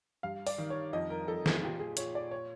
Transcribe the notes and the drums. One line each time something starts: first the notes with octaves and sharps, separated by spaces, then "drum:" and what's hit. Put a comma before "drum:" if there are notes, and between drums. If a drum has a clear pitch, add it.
G2 F5
D5, drum: open hi-hat
D#3
C#5
F2 D#5
A#4
F2 A4
G#4, drum: snare
A#2 G4
G#4
A#2 C#5, drum: hi-hat
D5
C#5